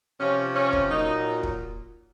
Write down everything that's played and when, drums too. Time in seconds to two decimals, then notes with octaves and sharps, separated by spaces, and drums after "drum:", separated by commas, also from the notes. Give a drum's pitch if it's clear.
0.20 C3 F3 C#4
0.55 C#4
0.73 drum: kick
0.91 A#2 F#3 D#4
1.43 drum: kick